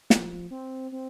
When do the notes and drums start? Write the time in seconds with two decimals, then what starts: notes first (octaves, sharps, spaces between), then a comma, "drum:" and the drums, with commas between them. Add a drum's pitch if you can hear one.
0.10 F3, drum: snare
0.51 C4
0.92 C4